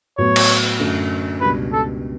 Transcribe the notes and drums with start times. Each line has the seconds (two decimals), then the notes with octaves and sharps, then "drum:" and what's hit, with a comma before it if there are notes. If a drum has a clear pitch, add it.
0.18 A2 F#3 B3 C#5
0.36 drum: cymbal
0.79 F#2 D3 F#3 A3
1.41 C#2 B2 G3 D4 B4
1.72 A4